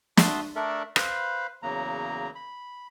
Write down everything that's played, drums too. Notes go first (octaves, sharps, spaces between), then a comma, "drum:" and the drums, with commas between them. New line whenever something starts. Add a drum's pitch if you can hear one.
F#4 E5 A5 C6 D#6, drum: snare
A3 D4 A4 A#4 D5 E5
B4 C5 F5 B5, drum: rim click
E2 C#3 F#3 A#3 A#5
B5